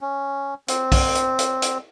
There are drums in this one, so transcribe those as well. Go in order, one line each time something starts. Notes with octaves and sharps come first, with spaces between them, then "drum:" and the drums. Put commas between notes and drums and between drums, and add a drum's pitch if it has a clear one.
C#4
C4, drum: hi-hat
drum: kick B1, open hi-hat
drum: hi-hat
drum: hi-hat
drum: hi-hat